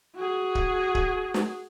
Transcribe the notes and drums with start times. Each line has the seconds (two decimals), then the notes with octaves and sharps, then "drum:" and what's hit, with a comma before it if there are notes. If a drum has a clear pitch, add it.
0.16 F#4 G#4
0.55 drum: kick D1
0.95 drum: kick D1
1.34 drum: snare